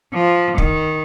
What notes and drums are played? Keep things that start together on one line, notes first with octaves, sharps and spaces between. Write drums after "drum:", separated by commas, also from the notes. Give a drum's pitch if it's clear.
F3
D#3, drum: kick